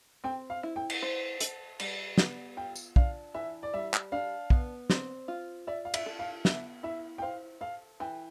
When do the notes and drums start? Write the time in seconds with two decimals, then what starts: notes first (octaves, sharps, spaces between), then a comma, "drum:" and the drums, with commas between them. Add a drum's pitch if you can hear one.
0.24 C4 G5
0.50 F5
0.63 E4
0.76 G5
0.90 drum: cymbal
1.02 C5
1.40 A4, drum: hi-hat
1.80 G3, drum: cymbal
2.18 B3, drum: snare
2.57 F4 G5
2.76 drum: tambourine
2.96 D4 F5, drum: kick
3.34 E3 E5
3.63 D5
3.73 G3 E5
3.94 drum: clap
4.12 D4 F5
4.50 B3, drum: kick
4.90 C4, drum: snare
5.28 F4
5.67 D5 E5
5.85 F5
5.94 E5, drum: cymbal
6.06 A4
6.19 F5
6.45 B3 E5, drum: snare
6.83 E4 E5
7.18 G5
7.22 C5 F5
7.61 A4 F5
8.00 E3 G5